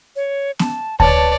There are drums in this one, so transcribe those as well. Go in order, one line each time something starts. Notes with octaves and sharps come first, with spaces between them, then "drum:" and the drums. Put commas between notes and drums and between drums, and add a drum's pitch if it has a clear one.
C#5
A5, drum: snare B3
B4 C#5 D5 A5, drum: kick D2